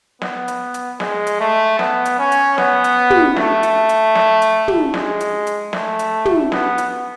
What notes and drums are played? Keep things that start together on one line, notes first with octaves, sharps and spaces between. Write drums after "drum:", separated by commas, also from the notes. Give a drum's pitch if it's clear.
B3, drum: snare
drum: hi-hat
drum: hi-hat
G#3, drum: snare
drum: hi-hat
A3
B3, drum: snare
drum: hi-hat
C#4
drum: hi-hat
B3, drum: snare
drum: hi-hat
drum: tom
A3, drum: snare
drum: hi-hat
drum: hi-hat
drum: snare
drum: hi-hat
drum: tom
G#3, drum: snare
drum: hi-hat
drum: hi-hat
A3, drum: snare
drum: hi-hat
drum: tom
B3, drum: snare
drum: hi-hat